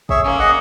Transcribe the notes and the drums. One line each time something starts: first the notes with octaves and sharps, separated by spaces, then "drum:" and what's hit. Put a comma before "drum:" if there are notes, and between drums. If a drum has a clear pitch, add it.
G#4 C#5 E5, drum: kick
A#3 C#4
G#4 D#5 F#5